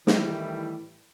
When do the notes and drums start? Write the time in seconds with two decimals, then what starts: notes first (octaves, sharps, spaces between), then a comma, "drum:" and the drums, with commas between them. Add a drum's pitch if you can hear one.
0.07 A2 D#3 E3 G3 E4, drum: snare